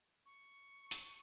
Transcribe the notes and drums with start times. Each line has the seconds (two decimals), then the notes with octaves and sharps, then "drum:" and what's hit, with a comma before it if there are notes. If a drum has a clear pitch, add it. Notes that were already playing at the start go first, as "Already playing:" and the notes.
0.26 C#6
0.91 drum: hi-hat